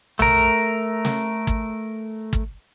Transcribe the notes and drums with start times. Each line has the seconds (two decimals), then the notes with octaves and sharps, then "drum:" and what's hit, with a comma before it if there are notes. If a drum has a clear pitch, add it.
0.19 A3 A#4, drum: tom
1.05 drum: snare
1.47 drum: kick
2.33 drum: kick